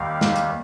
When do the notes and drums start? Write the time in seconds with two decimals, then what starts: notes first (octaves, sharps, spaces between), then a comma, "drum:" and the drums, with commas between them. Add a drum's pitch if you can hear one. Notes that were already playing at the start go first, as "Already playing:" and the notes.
Already playing: D#2 D#3 G3 F5
0.21 drum: snare
0.36 drum: hi-hat